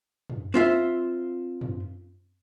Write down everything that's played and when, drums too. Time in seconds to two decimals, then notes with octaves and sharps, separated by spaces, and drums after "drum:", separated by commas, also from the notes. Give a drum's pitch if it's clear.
0.30 drum: tom F#2
0.54 C4 F4 E5
1.61 drum: tom F#2